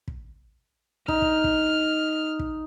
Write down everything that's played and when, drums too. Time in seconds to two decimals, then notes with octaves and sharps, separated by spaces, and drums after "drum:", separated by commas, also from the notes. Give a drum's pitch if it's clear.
0.08 drum: kick
1.08 D#4 F6, drum: kick
1.22 drum: kick
1.44 drum: kick
2.39 drum: kick